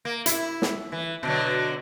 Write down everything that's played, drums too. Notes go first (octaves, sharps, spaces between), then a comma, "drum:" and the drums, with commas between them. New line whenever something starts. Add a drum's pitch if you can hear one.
A#3
E4, drum: hi-hat
drum: snare
E3
B2 D3 F#3